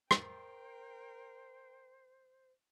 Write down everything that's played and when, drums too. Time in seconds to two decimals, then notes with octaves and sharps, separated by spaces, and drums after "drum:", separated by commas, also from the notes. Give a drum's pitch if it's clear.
0.11 A#4 C5 G5, drum: rim click